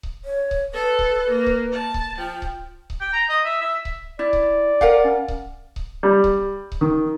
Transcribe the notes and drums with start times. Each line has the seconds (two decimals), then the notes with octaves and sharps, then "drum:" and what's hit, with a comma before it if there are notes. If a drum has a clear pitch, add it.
0.03 drum: kick C#1
0.25 C#5
0.51 drum: kick C#1
0.73 A4 B4
0.99 drum: kick C#1
1.30 A#3
1.46 drum: kick C#1
1.72 A5
1.94 drum: kick C#1
2.18 F3 G5
2.42 drum: kick C#1
2.90 drum: kick C#1
3.01 G5
3.13 A#5
3.29 D#5
3.45 E5
3.61 E5
3.85 drum: kick C#1
4.19 E4 D5
4.33 drum: kick C#1
4.81 A#4 F5 F#5, drum: kick C#1
5.05 C#4
5.28 drum: kick C#1
5.76 drum: kick C#1
6.03 G3
6.24 drum: kick C#1
6.72 drum: kick C#1
6.81 D#3